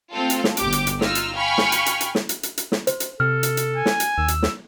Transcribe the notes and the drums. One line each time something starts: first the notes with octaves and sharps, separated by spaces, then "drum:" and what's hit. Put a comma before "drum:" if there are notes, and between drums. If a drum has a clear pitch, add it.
A3 C4 F4 A4
drum: hi-hat
drum: snare
G1 G4 D6, drum: hi-hat
drum: hi-hat
drum: hi-hat
D#4 F4 E6 F6, drum: snare
drum: hi-hat
F5 G5 G#5 B5 C#6 F6
drum: snare
drum: hi-hat
drum: hi-hat
drum: hi-hat
drum: snare
drum: hi-hat
drum: hi-hat
drum: hi-hat
drum: snare
C5, drum: hi-hat
drum: hi-hat
C3 A4 F6
drum: hi-hat
drum: hi-hat
G#5
drum: snare
drum: hi-hat
D#2 E6
drum: hi-hat
drum: snare